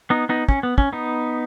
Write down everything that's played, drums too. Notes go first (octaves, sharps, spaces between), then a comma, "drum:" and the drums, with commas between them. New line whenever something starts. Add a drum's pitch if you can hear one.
B3 D#4
B3 D#4
C#4, drum: kick
B3
C#4, drum: kick
B3 D#4